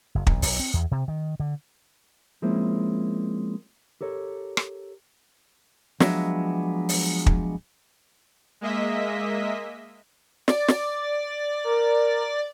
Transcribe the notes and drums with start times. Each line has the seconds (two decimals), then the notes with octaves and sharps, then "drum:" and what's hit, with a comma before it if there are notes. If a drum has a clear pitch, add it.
0.15 F#1
0.27 B1, drum: kick
0.42 B1, drum: open hi-hat
0.59 C4
0.74 E2
0.91 C3
1.08 D#3
1.40 D3
2.42 F3 G#3 A#3 C4 C#4 E4
4.01 G4 A4 A#4 C#5
4.57 drum: rim click
6.00 F3 F#3 G#3 B3 D4 E5, drum: snare
6.89 drum: open hi-hat
7.26 drum: kick
8.61 G#3 A#3 D#5 E5 B6
10.48 D5, drum: snare
10.68 drum: snare
11.64 A#4